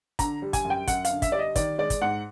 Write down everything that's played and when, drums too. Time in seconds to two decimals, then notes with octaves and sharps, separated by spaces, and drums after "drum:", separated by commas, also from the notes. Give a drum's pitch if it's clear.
0.19 D3 A#5, drum: kick, hi-hat
0.42 G3
0.53 G#5, drum: kick, hi-hat
0.64 F#2
0.70 G5
0.87 F#2 F#5, drum: kick, hi-hat
1.05 F5, drum: hi-hat
1.10 D3
1.22 E5, drum: kick, hi-hat
1.32 G3 D5
1.39 D#5
1.56 D#3 D5, drum: kick, hi-hat
1.78 G#3 D5
1.90 drum: kick, hi-hat
2.01 G#2 F#5